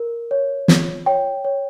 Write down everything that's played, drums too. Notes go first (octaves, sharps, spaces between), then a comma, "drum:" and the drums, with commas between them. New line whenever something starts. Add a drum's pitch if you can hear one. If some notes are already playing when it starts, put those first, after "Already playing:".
Already playing: A#4
C#5
F4, drum: snare
C#5 G5
C#5